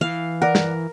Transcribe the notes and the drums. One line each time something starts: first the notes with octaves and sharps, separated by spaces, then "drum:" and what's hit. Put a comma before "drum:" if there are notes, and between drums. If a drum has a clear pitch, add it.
E3 F5
A#4 D5 F#5
drum: snare